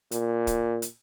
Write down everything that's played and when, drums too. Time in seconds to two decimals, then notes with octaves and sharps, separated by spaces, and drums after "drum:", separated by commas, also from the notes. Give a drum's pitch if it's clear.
0.11 A#2, drum: hi-hat
0.47 drum: kick, hi-hat
0.82 drum: hi-hat